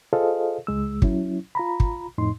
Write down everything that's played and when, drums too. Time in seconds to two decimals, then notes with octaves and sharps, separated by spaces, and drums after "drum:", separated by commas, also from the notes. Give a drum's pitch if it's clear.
0.13 F4 G#4 A4 C5 D#5 F5
0.67 C#2 G#3 E6
1.02 F#3 C#4 E4, drum: kick
1.55 F4 A#5 B5
1.80 drum: kick
2.18 F2 A2 D#4 C6